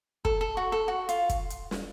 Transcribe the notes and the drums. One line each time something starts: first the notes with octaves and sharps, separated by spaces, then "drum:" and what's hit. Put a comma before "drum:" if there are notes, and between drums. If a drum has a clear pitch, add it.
A4, drum: kick
A4
F#4
A4
F#4
F4, drum: hi-hat
drum: kick, hi-hat
drum: hi-hat
drum: snare